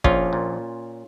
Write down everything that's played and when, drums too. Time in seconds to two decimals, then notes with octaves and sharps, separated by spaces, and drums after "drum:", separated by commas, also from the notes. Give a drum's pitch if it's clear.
0.04 A#1 C#4 F4, drum: kick
0.33 A#2